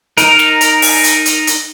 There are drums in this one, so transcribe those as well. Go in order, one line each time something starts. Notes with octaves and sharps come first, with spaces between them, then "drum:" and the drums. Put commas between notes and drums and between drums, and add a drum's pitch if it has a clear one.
D#4 A#4, drum: hi-hat
drum: snare
drum: hi-hat
drum: open hi-hat
drum: hi-hat
drum: hi-hat
drum: hi-hat